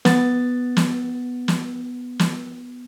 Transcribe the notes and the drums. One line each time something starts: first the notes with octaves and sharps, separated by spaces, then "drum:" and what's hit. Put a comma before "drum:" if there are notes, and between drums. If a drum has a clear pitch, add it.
B3 A6, drum: snare
drum: snare
drum: snare
drum: snare